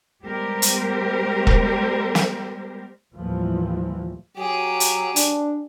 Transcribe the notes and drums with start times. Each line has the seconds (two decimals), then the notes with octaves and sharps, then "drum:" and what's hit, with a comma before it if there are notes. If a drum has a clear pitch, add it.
0.23 G3 G#3 B3 G4 A#4 C5
0.62 drum: hi-hat
1.47 drum: kick E1
2.15 drum: snare
3.15 D#2 A2 E3 F3 G3
4.37 F#3 G4 G#4
4.80 drum: hi-hat
5.16 D4, drum: hi-hat